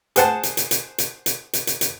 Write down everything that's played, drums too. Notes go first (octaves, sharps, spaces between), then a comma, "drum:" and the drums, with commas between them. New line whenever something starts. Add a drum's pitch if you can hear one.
G#4 C5 F#5 A5, drum: hi-hat
drum: hi-hat
drum: hi-hat
drum: hi-hat
drum: hi-hat
drum: hi-hat
drum: hi-hat
drum: hi-hat
drum: hi-hat